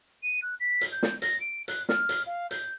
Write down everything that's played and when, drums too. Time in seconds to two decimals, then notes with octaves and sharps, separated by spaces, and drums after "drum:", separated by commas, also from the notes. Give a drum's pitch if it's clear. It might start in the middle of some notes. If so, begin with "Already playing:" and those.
0.23 D#7
0.42 F#6
0.60 B6
0.81 drum: hi-hat
0.92 G6
1.03 drum: snare
1.22 A#6, drum: hi-hat
1.41 D7
1.68 F#6, drum: hi-hat
1.89 F6, drum: snare
2.09 drum: hi-hat
2.27 F5
2.51 G6, drum: hi-hat